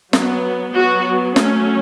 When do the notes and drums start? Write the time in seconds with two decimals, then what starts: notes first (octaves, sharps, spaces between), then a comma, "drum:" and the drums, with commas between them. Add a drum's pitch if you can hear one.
0.13 F#3 B3, drum: snare
0.75 F#3 B3 F#4
1.36 F#3 A3 C#4, drum: snare